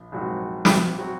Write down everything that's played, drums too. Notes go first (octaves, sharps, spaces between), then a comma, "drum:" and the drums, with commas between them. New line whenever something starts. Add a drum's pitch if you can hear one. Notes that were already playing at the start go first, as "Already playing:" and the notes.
Already playing: A#1
A#1 G#2 F#3 C4 F#4
drum: snare
F#3 C4 F#4